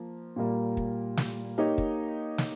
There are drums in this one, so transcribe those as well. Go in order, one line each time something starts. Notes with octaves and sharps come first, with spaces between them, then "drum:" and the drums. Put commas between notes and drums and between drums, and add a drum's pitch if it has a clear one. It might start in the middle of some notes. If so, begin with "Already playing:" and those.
Already playing: F3 A#3
A#2 G3 A#3
drum: kick
drum: snare
A#3 D#4 G4 C#5
drum: kick
drum: snare